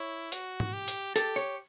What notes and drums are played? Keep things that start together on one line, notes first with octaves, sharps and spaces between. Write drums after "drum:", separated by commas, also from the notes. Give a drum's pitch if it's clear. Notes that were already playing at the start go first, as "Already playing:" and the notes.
Already playing: E4 C#5
F#4, drum: hi-hat
drum: tom G#2
G4
drum: hi-hat
G4 A4, drum: hi-hat
C#5